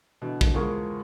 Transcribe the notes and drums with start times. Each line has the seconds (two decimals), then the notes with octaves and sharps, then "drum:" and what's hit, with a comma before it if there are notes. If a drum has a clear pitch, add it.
0.22 B2 D3 E3
0.41 drum: kick
0.54 E2 F3 G#3 G#4 A#4 C#6